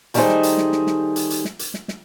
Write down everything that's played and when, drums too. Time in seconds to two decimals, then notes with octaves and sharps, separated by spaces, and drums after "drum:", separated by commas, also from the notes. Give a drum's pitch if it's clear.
0.14 D#3 G3 A3 D#4 G#4 C5, drum: hi-hat
0.29 drum: snare
0.43 drum: hi-hat
0.58 drum: snare
0.72 drum: snare
0.87 drum: snare
1.16 drum: hi-hat
1.30 drum: hi-hat
1.45 drum: snare
1.59 drum: hi-hat
1.74 drum: snare
1.88 drum: snare